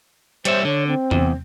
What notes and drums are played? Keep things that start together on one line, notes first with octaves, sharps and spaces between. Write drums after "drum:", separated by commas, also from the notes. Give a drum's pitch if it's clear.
G3 C5 C#5 E5, drum: hi-hat
D3 C#5
C4
E2, drum: tom E2